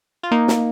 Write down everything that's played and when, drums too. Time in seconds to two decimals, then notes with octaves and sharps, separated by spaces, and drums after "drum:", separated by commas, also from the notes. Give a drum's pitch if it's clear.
0.23 F4
0.31 A#3 D#4
0.48 drum: snare